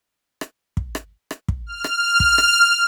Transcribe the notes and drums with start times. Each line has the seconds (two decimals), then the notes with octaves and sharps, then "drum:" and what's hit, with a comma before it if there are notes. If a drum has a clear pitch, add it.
0.41 drum: rim click
0.77 drum: kick
0.95 drum: rim click
1.31 drum: rim click
1.48 drum: kick
1.66 F6
1.84 drum: rim click
2.20 drum: kick
2.38 drum: rim click